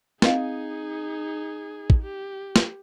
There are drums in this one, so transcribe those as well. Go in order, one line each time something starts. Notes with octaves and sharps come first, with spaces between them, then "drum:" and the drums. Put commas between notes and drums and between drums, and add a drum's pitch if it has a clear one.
C4 D#4 G#4 D#5 F5, drum: snare
drum: kick
G4
drum: snare